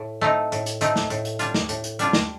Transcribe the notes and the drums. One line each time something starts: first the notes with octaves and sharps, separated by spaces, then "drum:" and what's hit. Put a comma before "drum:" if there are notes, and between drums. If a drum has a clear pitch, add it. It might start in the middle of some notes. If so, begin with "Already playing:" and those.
Already playing: A2
A3 C4 D#4
A2, drum: hi-hat
drum: hi-hat
A3 C4 D#4, drum: hi-hat
drum: snare
A2, drum: hi-hat
drum: hi-hat
G3 D4 F4, drum: hi-hat
drum: snare
A2, drum: hi-hat
drum: hi-hat
G3 D4 F4, drum: hi-hat
drum: snare